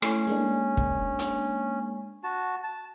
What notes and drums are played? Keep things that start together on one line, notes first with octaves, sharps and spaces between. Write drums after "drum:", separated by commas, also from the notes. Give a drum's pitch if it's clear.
A3 C#4 E4 G#5, drum: rim click
G#3 A#3 D4
drum: kick
drum: hi-hat
F#4 A5
A5